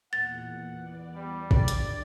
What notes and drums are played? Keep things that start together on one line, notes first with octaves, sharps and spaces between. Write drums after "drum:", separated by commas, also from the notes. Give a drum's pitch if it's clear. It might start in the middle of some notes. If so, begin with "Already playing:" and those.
E2 A#2 F#5 A6
E2 B3 D5
G3
D3 D#3 D5 G#6, drum: kick
drum: hi-hat